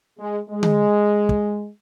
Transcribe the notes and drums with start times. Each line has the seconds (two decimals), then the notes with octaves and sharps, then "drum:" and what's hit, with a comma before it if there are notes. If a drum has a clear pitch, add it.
0.18 G#3
0.48 G#3
0.63 drum: tom D3
1.29 drum: kick